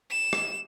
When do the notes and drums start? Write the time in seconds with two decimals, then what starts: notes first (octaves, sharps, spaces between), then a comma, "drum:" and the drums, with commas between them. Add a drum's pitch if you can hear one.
0.10 E7
0.33 drum: rim click